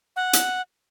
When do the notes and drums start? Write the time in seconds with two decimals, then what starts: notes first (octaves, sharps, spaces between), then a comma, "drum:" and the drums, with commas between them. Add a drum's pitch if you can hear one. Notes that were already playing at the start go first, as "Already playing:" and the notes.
0.16 F#5
0.33 drum: hi-hat